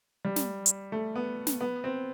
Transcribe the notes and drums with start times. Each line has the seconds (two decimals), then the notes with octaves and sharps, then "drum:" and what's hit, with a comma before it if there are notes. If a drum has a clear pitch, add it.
0.25 G3
0.36 drum: snare
0.66 drum: hi-hat
0.92 A3
1.16 B3
1.47 drum: snare
1.61 B3
1.84 C4